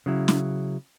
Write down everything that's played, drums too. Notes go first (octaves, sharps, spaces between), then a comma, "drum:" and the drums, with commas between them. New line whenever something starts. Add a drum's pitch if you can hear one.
C#3 F#3 E4
drum: snare